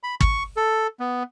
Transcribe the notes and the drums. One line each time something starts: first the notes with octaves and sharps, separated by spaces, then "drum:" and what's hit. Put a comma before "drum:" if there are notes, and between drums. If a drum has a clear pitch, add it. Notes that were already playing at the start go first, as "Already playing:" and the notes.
B5
C#6, drum: kick
A4
B3